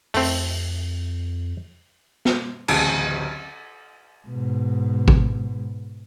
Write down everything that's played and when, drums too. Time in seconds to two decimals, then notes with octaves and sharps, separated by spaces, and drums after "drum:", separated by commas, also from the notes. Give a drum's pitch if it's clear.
0.14 F2 A3 C4, drum: open hi-hat
2.25 drum: snare
2.68 D1 A1 C#3 A5 D7, drum: cymbal
4.27 G#2 B2
5.08 drum: kick G#1